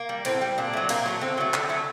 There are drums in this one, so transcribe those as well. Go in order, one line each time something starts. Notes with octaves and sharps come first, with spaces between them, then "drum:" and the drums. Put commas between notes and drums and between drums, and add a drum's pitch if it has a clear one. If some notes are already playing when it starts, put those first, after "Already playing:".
Already playing: A#3
G3
A2 C4, drum: cymbal
G3
A#2 D4
F#3 A3
A#2 A#3, drum: cymbal
F#3 A3
D3 C4
F#3 A3
D3, drum: clap
F#3 A3